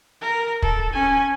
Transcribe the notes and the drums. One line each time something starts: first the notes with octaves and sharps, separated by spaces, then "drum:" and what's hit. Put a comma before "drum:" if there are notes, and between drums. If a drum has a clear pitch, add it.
A#4
A4, drum: kick
C#4 G#5